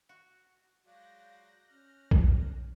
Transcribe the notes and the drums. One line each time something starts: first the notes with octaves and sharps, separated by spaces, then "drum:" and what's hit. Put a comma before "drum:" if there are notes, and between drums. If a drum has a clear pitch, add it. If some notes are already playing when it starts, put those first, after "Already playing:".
F#4
F#3 G#3 D5 F5 F#6 G6 A#6
C#4 F6
drum: kick B1